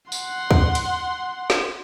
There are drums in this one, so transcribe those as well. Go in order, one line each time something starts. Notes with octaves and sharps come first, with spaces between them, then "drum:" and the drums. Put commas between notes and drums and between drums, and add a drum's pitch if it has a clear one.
F#5 C6, drum: tambourine
drum: kick
drum: hi-hat
drum: snare